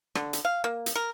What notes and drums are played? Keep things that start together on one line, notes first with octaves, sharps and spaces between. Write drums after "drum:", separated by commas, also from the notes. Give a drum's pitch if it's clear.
D3, drum: rim click
drum: hi-hat
F5
A#3
drum: hi-hat
A#4